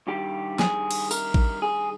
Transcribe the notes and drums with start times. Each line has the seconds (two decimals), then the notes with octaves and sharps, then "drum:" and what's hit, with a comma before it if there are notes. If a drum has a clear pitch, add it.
0.07 G2 D#3 G3 G4
0.59 G#4, drum: snare
0.91 drum: cymbal
1.11 A#4, drum: tambourine
1.34 drum: kick A1
1.62 G#4